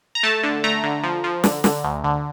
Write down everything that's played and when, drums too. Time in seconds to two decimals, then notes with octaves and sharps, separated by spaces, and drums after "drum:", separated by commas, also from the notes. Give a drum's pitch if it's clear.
0.15 A#5
0.23 A3 A5
0.44 D3
0.64 A3 A#5
0.84 D3
1.03 F3
1.24 F3
1.44 D3, drum: snare
1.64 D3, drum: snare
1.84 D2
2.04 D3